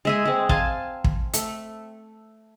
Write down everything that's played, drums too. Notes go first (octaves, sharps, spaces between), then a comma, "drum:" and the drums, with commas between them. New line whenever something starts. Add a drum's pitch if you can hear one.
G#3 E5 G#5
G#3 C4
F5 G#5 A5, drum: kick
drum: kick
A3, drum: hi-hat